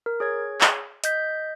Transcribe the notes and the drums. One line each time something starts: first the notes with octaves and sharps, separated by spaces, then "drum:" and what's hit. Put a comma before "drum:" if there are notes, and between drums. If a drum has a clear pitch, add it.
A#4
G#4 C#5 G#6
drum: clap
D#5 G6 B6, drum: hi-hat